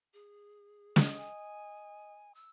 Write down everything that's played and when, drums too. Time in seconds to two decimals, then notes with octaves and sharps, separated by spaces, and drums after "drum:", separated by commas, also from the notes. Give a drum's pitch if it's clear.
0.14 G#4
0.96 D#5 D#6, drum: snare
1.17 G#5
2.35 E6